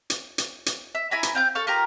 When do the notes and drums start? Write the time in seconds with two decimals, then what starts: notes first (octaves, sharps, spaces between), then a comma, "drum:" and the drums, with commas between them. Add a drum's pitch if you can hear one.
0.10 drum: hi-hat
0.38 drum: hi-hat
0.66 drum: hi-hat
0.95 E5
1.11 E4 G#5 A#5 B5
1.23 drum: hi-hat
1.35 C4 F5 G6
1.55 A4 F5 C#6
1.67 F4 G4 A#4 A#5